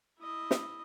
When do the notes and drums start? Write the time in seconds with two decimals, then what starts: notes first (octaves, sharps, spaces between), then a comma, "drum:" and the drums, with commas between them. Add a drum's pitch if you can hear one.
0.20 E4 D#5
0.51 drum: snare